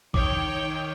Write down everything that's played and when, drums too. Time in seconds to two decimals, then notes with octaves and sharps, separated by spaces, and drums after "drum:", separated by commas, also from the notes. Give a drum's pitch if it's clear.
0.14 D#3 C#5 G5 D6, drum: kick